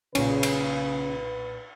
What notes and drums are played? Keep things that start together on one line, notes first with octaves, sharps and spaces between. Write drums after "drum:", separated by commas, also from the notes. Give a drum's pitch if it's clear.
B1 A#2 C#3 C#4 B4, drum: cymbal
drum: cymbal